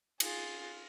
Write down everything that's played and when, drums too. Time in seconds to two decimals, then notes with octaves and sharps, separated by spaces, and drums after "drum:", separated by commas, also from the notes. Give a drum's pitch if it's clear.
0.20 F4 G#4, drum: cymbal